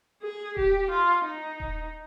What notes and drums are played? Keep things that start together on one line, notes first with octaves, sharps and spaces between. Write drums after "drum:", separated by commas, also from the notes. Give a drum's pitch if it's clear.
G#4
G4, drum: kick D#1
F4
D#4
drum: kick D#1